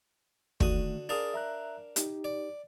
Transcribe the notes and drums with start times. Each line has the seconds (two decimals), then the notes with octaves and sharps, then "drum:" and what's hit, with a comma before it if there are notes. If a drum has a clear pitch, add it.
0.60 D3 D#3 A3 F#4 D#6, drum: kick
1.09 D4 G#4 A#4 F5 D#6 A6
1.34 E5 A#5 F#6
1.96 D#4 G4, drum: hi-hat
2.24 D5